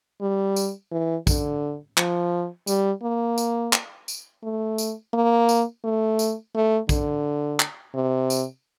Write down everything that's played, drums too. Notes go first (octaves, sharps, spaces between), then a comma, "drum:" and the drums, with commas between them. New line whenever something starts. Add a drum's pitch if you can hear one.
G3
drum: tambourine
E3
D3, drum: kick, tambourine
F3, drum: clap
G3, drum: tambourine
A#3
drum: tambourine
drum: clap
drum: tambourine
A3
drum: tambourine
A#3
drum: tambourine
A3
drum: tambourine
A3
D3, drum: kick, tambourine
drum: clap
C3
drum: tambourine